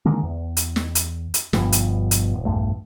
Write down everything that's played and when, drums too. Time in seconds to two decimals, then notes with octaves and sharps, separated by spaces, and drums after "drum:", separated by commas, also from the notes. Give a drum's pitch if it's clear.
0.05 D3 D#3 G#3 A#3
0.23 E2
0.57 drum: hi-hat
0.76 drum: snare
0.95 drum: hi-hat
1.34 drum: hi-hat
1.53 G1 G2 B2 F3, drum: snare
1.72 drum: hi-hat
2.11 drum: hi-hat
2.34 D#1
2.45 A#1 E2 G2 A3